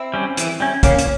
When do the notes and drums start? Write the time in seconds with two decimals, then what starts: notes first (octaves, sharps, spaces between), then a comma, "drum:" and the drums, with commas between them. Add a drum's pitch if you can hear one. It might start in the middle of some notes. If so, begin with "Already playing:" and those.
Already playing: C4 E4
0.14 G3 C#4
0.37 E3, drum: hi-hat
0.60 G3 C#4
0.83 C#3 A#3 C#4, drum: kick, hi-hat
0.99 drum: hi-hat